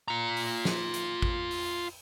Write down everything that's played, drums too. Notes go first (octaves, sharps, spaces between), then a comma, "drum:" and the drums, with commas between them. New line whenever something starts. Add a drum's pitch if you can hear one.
F4 A#5
drum: open hi-hat
drum: snare
drum: hi-hat
drum: kick
drum: open hi-hat